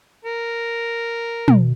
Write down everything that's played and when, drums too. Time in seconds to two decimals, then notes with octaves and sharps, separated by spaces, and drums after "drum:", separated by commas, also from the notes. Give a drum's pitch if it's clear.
0.25 A#4
1.48 B2, drum: tom